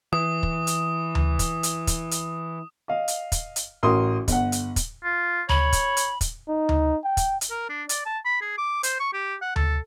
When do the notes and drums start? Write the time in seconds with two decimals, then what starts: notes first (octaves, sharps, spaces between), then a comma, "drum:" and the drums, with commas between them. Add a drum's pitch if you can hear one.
0.13 E3 D#6
0.43 drum: kick
0.67 drum: hi-hat
1.15 drum: tom D2
1.39 drum: kick, hi-hat
1.63 drum: hi-hat
1.87 drum: kick, hi-hat
2.11 drum: hi-hat
2.88 D#5 F5
3.08 drum: hi-hat
3.32 drum: kick, hi-hat
3.56 drum: hi-hat
3.83 A1 F#4 A#4 C6 D#6
4.28 G1 F#5, drum: kick, hi-hat
4.52 drum: hi-hat
4.76 drum: kick, hi-hat
5.04 F4
5.49 C#5 B5, drum: tom D2
5.73 drum: kick, hi-hat
5.97 drum: hi-hat
6.21 drum: kick, hi-hat
6.49 D#4
6.69 drum: tom D2
7.04 G5
7.17 drum: kick, hi-hat
7.41 drum: hi-hat
7.50 A#4
7.69 D4
7.89 D5, drum: hi-hat
8.06 A5
8.25 B5
8.41 G#4
8.58 D6
8.83 C5, drum: hi-hat
9.00 C#6
9.13 G4
9.42 F#5
9.56 A4, drum: tom D2